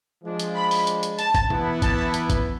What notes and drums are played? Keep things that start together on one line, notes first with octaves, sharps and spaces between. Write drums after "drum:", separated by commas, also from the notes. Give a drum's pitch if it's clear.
F3 G#3 D4
drum: hi-hat
B5
drum: open hi-hat
drum: hi-hat
drum: hi-hat
A5, drum: hi-hat
drum: kick, hi-hat
E3 B3 E4, drum: tom B2
A5, drum: kick, hi-hat
drum: hi-hat
drum: kick, hi-hat